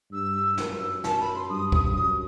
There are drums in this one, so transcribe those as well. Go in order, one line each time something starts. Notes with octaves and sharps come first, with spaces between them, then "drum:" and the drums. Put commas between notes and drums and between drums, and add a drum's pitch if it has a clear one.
G2 E6
F#2, drum: snare
A5, drum: snare
B5
C6
G2 D#6
D#6, drum: kick
F#2 D#6